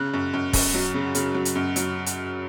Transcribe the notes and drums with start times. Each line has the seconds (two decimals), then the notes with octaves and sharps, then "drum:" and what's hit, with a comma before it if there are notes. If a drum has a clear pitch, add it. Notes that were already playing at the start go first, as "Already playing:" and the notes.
Already playing: C#3 F#6
0.13 F#2
0.33 F#2
0.53 F#2, drum: kick, open hi-hat
0.74 F#3
0.94 C#3
1.15 C#3, drum: hi-hat
1.35 F#3
1.45 drum: hi-hat
1.55 F#2
1.76 F#3, drum: hi-hat
2.06 drum: hi-hat